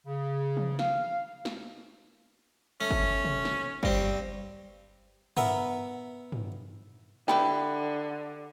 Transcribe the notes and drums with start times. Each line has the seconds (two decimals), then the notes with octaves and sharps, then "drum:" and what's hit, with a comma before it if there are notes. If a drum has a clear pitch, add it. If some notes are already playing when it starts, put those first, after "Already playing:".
0.06 C#3
0.57 drum: tom
0.79 F5, drum: snare
1.45 drum: snare
2.81 A3 C#4
2.91 drum: kick G1
3.25 drum: tom
3.45 drum: snare
3.83 G2 C4, drum: kick G1
5.37 B3 A#4 E5, drum: tom
6.32 drum: tom
7.28 D3 D4 E4 G4 B4, drum: snare